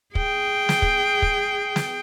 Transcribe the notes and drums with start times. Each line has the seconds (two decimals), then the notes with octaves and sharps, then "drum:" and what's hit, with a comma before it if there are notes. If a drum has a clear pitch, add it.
0.15 G#4 G5, drum: kick
0.69 drum: snare
0.82 drum: kick
1.22 drum: kick
1.76 drum: snare